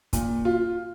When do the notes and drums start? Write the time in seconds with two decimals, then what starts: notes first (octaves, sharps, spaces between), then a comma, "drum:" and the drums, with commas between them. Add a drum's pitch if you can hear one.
0.13 A#2, drum: kick, hi-hat
0.45 F4